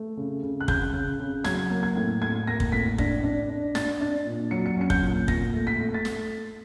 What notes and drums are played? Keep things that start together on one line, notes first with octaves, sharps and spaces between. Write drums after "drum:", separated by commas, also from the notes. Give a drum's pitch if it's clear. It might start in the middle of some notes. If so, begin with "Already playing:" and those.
Already playing: A3
C#3
C#3
F#6
C#3 G6, drum: kick
C#3
C#3
F#3 G#6, drum: snare
A#3
G#6
A2
A2 G#6
A#3 A#6
drum: kick
A2 B6
D4 A#6, drum: kick
D4
D4
D4 A6, drum: snare
D4
A#2
F#3 C#7
C#7
C#4 C#7
G6, drum: kick
A#2
A#2 A#6, drum: kick
A3
B6
A3
A6
drum: snare